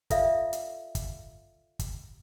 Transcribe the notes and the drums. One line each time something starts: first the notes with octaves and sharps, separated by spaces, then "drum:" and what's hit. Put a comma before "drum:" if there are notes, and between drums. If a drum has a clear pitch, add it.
F4 A4 D5 E5 F5, drum: kick, hi-hat
drum: hi-hat
drum: kick, hi-hat
drum: kick, hi-hat